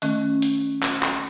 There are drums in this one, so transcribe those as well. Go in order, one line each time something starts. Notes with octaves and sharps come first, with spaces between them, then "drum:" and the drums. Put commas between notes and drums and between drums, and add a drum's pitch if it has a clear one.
D#3 A3 C#4, drum: hi-hat
drum: hi-hat
drum: clap
drum: clap